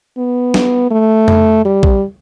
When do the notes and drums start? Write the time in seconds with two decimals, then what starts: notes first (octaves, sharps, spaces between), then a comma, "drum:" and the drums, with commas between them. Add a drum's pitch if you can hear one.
0.18 B3
0.54 drum: snare
0.91 A3
1.28 drum: tom F2
1.65 G3
1.83 drum: kick A#1